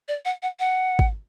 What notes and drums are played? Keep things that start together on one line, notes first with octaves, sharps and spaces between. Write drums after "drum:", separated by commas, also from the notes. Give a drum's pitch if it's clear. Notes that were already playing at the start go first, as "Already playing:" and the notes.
D5
F#5
F#5
F#5
drum: kick G#1